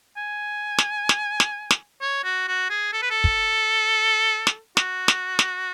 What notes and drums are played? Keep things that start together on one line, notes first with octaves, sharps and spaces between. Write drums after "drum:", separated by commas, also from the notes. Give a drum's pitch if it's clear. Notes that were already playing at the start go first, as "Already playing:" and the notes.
G#5
drum: snare
drum: snare
drum: snare
drum: snare
C#5
F#4
F#4
G#4
A4
B4
A4
drum: kick
drum: snare
F#4, drum: snare
drum: snare
drum: snare